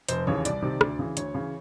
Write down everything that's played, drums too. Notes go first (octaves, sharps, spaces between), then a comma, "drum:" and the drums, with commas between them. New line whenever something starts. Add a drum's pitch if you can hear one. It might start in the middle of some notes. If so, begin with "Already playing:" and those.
F1 C5, drum: hi-hat
D#2 C#3 E3 C#5
C2 D5, drum: hi-hat
C3 D#3
D2, drum: rim click
C#3 E3
D2 C#5, drum: hi-hat
C#3 E3